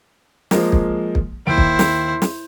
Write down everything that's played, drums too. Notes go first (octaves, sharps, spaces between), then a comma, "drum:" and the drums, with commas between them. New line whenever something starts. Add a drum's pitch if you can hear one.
F3 G#3 A#3, drum: snare
drum: kick
drum: kick
D#2 E4 C5 D7
drum: kick
drum: snare
drum: snare